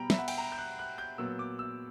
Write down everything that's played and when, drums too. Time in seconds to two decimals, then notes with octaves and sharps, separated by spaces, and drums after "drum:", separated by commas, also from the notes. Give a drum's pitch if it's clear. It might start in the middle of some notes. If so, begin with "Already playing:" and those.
Already playing: B2 G3 B3 G5 A#5 B5
0.10 E5, drum: snare
0.19 F#5
0.28 G5, drum: cymbal
0.38 A#5
0.52 G6
0.58 F#6
0.79 F#6
0.98 G6
1.18 A#2 F#3 B3 E6
1.39 D6
1.59 E6